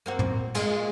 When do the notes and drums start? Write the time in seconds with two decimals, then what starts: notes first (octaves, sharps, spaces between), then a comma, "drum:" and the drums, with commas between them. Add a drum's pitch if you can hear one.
0.06 A#3 C4 F#4
0.19 drum: tom
0.55 A#2 G#3 G#4, drum: cymbal